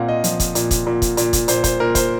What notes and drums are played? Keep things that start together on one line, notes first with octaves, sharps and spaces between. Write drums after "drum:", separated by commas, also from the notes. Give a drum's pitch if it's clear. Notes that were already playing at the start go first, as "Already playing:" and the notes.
Already playing: A#2 C4 F5 F#5
D#5
F3, drum: hi-hat
drum: kick, hi-hat
A#2, drum: hi-hat
drum: kick, hi-hat
A#2
drum: kick, hi-hat
A#2, drum: hi-hat
drum: kick, hi-hat
A#2 C5, drum: hi-hat
C5, drum: kick, hi-hat
A#2 A#4
C5, drum: kick, hi-hat